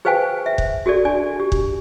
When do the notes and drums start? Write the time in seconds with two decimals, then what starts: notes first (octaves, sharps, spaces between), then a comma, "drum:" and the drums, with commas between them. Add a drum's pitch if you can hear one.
0.05 G#4 B4 C5 F5 G5 G#5
0.46 E5
0.58 drum: kick
0.86 F#4 G#4 A4 D5
1.05 D4 D5 G#5
1.40 G4
1.52 drum: kick